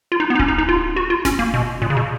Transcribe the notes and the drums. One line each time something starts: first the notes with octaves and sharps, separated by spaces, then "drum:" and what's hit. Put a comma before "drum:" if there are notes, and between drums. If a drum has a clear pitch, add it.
F4
D#4
B3
D#4
C#4, drum: kick D1
D#4
D#4
F4
F#4
F4
C#4, drum: snare F#1
A#3
B2
A#2
C#3
B2